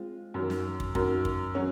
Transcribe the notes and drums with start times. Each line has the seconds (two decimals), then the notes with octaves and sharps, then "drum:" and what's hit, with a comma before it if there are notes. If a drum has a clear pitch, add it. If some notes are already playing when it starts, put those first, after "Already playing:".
Already playing: G#3 C4 F4
0.34 F#2 D#3 F#3
0.50 drum: snare
0.80 drum: kick
0.95 F#2 D#3 F#3, drum: kick
1.25 drum: kick
1.55 F#3 C#4 F#4